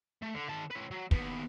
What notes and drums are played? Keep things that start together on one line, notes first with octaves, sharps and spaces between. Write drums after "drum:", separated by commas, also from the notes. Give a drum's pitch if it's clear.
A3
D3
D#3 A5
C#4 B4
F#3
D#2 B3, drum: kick